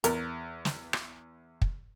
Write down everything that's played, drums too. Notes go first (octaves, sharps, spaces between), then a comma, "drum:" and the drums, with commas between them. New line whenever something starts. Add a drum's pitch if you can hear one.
E2 A#4, drum: hi-hat
drum: snare
drum: rim click
drum: kick